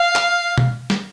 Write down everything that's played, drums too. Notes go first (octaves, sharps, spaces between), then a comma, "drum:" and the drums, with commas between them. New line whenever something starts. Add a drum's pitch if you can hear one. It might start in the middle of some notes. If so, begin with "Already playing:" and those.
Already playing: F5
drum: clap
drum: tom B2
drum: snare